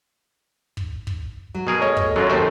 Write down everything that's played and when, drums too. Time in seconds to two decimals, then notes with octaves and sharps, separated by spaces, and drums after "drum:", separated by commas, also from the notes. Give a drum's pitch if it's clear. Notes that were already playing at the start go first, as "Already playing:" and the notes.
0.77 drum: kick
1.07 drum: kick
1.54 F#3
1.67 B2 G#4 A#4
1.82 A3 C#5 D#5
1.97 drum: kick
2.16 F#2 F#3 F4 A4 C#5
2.30 D#2 A3 F#4 C5 D#5